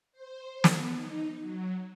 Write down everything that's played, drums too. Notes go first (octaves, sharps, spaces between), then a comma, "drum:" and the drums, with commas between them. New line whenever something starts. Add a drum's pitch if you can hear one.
C5
B3, drum: snare
D#4
F#3